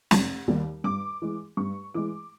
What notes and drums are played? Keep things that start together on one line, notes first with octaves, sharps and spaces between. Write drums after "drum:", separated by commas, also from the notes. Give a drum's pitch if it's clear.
F1, drum: snare
D#2 D#3 G3 A#3
G2 D6
E3 G#3
G2 C#6
E3 G#3 D6